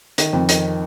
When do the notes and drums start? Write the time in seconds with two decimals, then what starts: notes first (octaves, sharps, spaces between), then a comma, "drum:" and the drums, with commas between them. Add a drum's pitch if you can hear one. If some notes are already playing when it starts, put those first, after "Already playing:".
0.18 D#3, drum: hi-hat
0.33 F2
0.49 D#3, drum: hi-hat